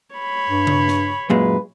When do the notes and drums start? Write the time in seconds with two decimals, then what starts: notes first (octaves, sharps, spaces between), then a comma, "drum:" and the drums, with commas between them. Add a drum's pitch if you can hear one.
0.15 C#5 B5
0.50 G2
0.67 drum: tom C#3
0.88 drum: snare
1.30 F#2 A#2 G#3 B4